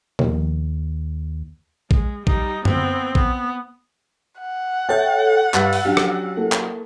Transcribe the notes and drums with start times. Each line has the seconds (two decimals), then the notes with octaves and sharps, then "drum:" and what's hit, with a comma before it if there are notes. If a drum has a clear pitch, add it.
0.19 D#2, drum: tom A#2
1.91 G#3, drum: kick A#1
2.27 G3 D#4, drum: kick A#1
2.65 B3 C4, drum: tom F#2
3.15 B3, drum: kick A#1
4.41 F#5
4.89 A4 C#5 E5 G5 G6 A6
5.54 G2 G3 E6 A6 B6, drum: clap
5.73 drum: open hi-hat
5.85 F#3 C#4 D4 G4
5.97 drum: rim click
6.37 A#3 E4 A4
6.52 drum: clap